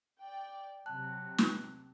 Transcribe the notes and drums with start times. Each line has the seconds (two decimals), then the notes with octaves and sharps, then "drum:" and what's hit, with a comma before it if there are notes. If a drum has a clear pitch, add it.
0.19 D5 G5
0.86 C3 F#3 A5 F#6
1.38 drum: snare